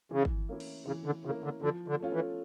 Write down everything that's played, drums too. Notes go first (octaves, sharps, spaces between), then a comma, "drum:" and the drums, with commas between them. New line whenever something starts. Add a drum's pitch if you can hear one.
C#3 E3
drum: kick
A#3 C#4 E4
drum: cymbal
C#3 E3
D3
C#3 A#3 C#4 E4
D3
D3 F3
D3
A3 C#4 F4
E3